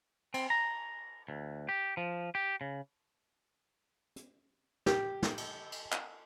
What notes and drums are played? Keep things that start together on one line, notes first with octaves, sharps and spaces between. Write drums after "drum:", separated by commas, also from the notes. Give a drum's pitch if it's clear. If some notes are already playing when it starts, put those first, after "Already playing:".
C4, drum: cymbal
A#5
D2
G4
F3
G4
C#3
drum: hi-hat
G4, drum: snare
drum: snare
drum: cymbal
drum: cymbal
drum: clap